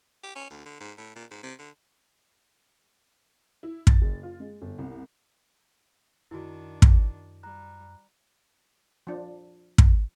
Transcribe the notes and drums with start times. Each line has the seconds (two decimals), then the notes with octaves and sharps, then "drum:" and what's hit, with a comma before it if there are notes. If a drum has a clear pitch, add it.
0.23 G4
0.35 C#4
0.50 D2
0.65 D3
0.80 G#2
0.98 A2
1.15 A#2
1.31 G#2
1.43 C3
1.59 D3
3.63 E4
3.87 A6, drum: kick
4.02 F#1
4.23 F4
4.40 G#3
4.62 G1
4.78 C2
6.31 F#2 D#3 D4 E4 F#4
6.82 drum: kick
7.43 G3 A#5 F#6
9.07 F3 D4
9.78 drum: kick